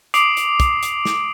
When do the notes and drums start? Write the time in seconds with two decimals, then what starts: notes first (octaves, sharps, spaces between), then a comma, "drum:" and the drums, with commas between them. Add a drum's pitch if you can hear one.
0.14 D6 D#6 C7 D7 F7 F#7, drum: hi-hat
0.37 drum: hi-hat
0.60 drum: kick, hi-hat
0.83 drum: hi-hat
1.05 drum: snare